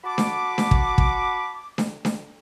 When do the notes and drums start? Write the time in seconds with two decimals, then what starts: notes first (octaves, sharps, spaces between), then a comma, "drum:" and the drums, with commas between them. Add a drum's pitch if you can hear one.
0.04 F#4 A5 B5 D6
0.18 drum: snare D4
0.58 drum: snare D4
0.71 drum: kick
0.98 drum: kick
1.78 drum: snare D4
2.05 drum: snare D4